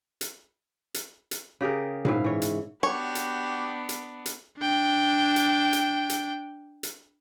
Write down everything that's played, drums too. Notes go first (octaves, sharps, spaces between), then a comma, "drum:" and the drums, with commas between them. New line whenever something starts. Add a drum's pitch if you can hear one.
drum: hi-hat
drum: hi-hat
drum: hi-hat
C#3 G4 G#4 A#4
G#2 E4 F5, drum: tom A#2
E3 C#5
drum: hi-hat
B3 D4 F#4 G4 C#5
drum: hi-hat
drum: hi-hat
drum: hi-hat
D4 G5
drum: hi-hat
drum: hi-hat
drum: hi-hat
drum: hi-hat